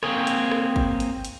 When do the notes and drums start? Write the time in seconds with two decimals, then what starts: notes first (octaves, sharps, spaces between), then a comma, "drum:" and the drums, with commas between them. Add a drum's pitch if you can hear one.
0.03 A#3 C4 G#4 C#5, drum: rim click
0.27 drum: hi-hat
0.51 drum: rim click
0.76 drum: kick G#1
1.00 drum: hi-hat
1.25 drum: hi-hat